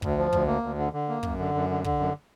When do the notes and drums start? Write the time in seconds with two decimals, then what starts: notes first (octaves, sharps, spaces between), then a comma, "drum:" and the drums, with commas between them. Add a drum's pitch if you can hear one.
0.02 D2, drum: kick
0.18 F3
0.33 D2, drum: kick
0.47 A#3
0.63 D2
0.78 D3
0.93 D3
1.09 A#3
1.23 F#2, drum: kick
1.39 D3
1.54 F#2
1.70 D3
1.84 D3, drum: kick
1.99 F#2